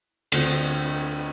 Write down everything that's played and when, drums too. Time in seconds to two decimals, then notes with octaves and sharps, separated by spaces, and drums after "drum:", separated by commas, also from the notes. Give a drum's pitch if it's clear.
0.32 D2 D3 A3 C4 F4, drum: cymbal